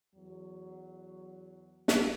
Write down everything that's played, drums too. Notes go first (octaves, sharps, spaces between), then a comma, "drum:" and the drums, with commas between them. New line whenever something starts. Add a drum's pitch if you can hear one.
E2 F#3
drum: snare